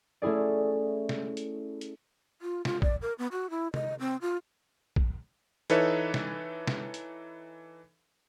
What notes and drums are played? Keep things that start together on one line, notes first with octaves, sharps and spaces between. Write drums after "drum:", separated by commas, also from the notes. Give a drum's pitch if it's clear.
A3 C#4 E4 G#4 D5
drum: snare
drum: hi-hat
drum: hi-hat
F4
F4, drum: snare
D5, drum: kick
A#4
B3
F#4
E4
D#5, drum: tom C3
C4
F4
drum: kick
E3 D#4 A4 B4 C#5 E5, drum: hi-hat
drum: snare
drum: snare
drum: hi-hat